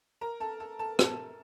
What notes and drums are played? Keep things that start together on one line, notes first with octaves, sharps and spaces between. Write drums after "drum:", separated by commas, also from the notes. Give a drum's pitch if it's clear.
A#4 A#5
A4 A5
A4 A5
A4 A5
drum: rim click